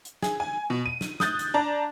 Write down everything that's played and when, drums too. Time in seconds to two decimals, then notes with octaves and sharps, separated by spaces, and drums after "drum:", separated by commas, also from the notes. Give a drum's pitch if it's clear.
0.05 drum: hi-hat
0.22 G#4, drum: snare
0.40 G#5
0.70 B2
0.86 D#7
1.01 drum: snare
1.20 D#6 F#6 G6 A6, drum: snare
1.39 drum: hi-hat
1.54 D4 A5 A#5